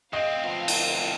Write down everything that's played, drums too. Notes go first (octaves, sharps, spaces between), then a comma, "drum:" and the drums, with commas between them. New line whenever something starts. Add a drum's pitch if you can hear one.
D2 C4 D#5 F5 G5
F3 B3
drum: cymbal